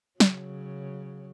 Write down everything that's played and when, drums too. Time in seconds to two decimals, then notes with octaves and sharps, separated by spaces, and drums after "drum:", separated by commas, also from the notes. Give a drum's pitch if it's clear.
0.20 C#3 F#3, drum: snare